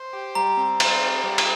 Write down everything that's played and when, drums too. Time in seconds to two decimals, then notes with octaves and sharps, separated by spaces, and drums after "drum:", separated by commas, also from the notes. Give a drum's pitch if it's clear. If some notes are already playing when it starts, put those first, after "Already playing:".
Already playing: C5
0.13 G4
0.35 G3 A#5
0.57 C4
0.80 C5, drum: cymbal
1.02 G4
1.24 G3
1.38 drum: cymbal